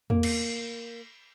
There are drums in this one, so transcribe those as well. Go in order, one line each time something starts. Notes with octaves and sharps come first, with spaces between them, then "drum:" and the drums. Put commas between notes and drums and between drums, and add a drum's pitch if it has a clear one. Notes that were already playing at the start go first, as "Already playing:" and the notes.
A#3, drum: tom E2
drum: cymbal